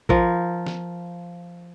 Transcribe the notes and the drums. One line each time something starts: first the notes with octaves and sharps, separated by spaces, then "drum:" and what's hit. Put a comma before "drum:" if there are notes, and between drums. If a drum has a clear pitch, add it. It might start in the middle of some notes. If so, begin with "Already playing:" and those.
F3 A#4, drum: kick A1
drum: snare